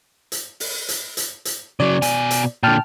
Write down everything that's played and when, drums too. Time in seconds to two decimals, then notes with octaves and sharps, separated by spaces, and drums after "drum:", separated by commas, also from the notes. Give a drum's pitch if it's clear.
0.32 drum: hi-hat
0.60 drum: open hi-hat
0.89 drum: hi-hat
1.17 drum: hi-hat
1.45 drum: hi-hat
1.80 C#3 F#3 D5
2.02 B2 G#5, drum: hi-hat
2.31 drum: hi-hat
2.63 A#2 D3 G5 A5 F6